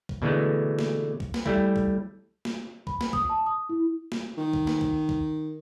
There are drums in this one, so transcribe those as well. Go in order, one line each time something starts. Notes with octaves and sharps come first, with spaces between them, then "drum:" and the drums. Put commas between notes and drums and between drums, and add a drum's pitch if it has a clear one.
drum: kick
B2 D3 E3 G#3 A3
drum: snare
drum: kick
drum: snare
G3 A3 E4, drum: kick
drum: kick
drum: snare
B5, drum: kick
drum: snare
D#6, drum: kick
A5
D#6
E4
drum: snare
D#3
drum: kick
drum: snare
drum: kick
drum: kick